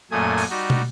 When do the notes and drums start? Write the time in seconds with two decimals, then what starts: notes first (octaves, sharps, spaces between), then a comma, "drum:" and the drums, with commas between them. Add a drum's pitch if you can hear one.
0.11 F#2 A#2 A3 G#5 D#6
0.38 drum: open hi-hat
0.50 G3 D#4 F#4
0.70 drum: tom